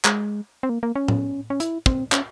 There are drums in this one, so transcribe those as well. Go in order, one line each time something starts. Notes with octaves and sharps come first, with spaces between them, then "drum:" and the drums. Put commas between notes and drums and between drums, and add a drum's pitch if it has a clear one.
G#3, drum: clap
C4
A#3
A#3
C#4
drum: tom A2
C#4
E4, drum: hi-hat
C4, drum: kick
C#4, drum: clap